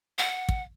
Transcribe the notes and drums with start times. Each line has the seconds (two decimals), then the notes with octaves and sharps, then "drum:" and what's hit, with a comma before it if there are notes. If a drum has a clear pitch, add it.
0.18 F#5
0.49 drum: kick